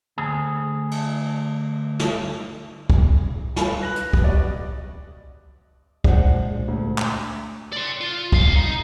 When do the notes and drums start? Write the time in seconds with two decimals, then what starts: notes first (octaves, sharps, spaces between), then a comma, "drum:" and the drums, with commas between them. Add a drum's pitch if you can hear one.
0.18 D2 G#4
0.91 drum: cymbal
1.99 drum: snare
2.90 drum: kick
3.56 B5, drum: snare
3.81 B4 F#6 A#6 F#7
3.96 drum: hi-hat
4.13 drum: kick
4.24 G3 F#4 D5 D#5
6.04 A#2 G#3 D4 C5 F#5, drum: kick
6.68 D2
6.98 drum: clap
7.73 D5 C6
8.01 F4
8.32 C2 F5, drum: kick
8.56 D#4